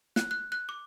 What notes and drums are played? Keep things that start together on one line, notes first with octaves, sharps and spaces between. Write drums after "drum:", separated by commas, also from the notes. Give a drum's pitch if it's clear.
F#6, drum: snare
F#6
F#6
D6